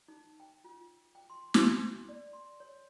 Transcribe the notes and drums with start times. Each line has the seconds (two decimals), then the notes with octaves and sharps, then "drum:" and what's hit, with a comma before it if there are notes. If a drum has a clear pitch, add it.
0.08 D#4
0.40 G5
0.64 F4
1.15 G5
1.30 C6
1.54 C6, drum: snare
2.09 D5
2.33 C6
2.60 C#5